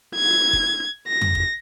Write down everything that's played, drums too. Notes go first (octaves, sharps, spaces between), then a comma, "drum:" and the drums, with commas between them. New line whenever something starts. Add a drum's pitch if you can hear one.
G#6
drum: kick
A#6
drum: tom
drum: kick